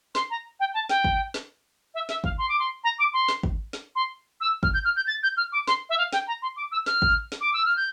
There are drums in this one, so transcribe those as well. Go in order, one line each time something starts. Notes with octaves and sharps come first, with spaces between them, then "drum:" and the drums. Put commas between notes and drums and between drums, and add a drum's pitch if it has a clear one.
C6, drum: snare
A#5
G5
A5
G5, drum: snare
drum: kick
drum: snare
E5
E5, drum: snare
F5, drum: kick
C6
D6
C6
A#5
D6
C6
drum: snare
drum: kick
drum: snare
C6
E6
F6, drum: kick
G6
F6
G6
A6
G6
F6
D6
C6, drum: snare
E5
F5
G5, drum: snare
A#5
C6
D6
E6
F6, drum: snare
drum: kick
drum: snare
D6
E6
F6
G6